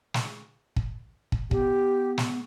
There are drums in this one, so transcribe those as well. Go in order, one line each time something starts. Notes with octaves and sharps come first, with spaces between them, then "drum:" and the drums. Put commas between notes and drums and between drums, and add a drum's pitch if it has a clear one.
drum: snare
drum: kick
drum: kick
B3 G4, drum: kick
drum: snare